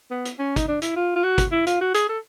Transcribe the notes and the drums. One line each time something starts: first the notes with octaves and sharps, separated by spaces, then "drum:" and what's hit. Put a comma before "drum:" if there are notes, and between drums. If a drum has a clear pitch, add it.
B3
drum: hi-hat
C#4
D#4, drum: kick, hi-hat
D4
E4, drum: hi-hat
F4
F4
F#4
drum: kick, hi-hat
E4
F4, drum: hi-hat
F#4
G#4, drum: hi-hat
A4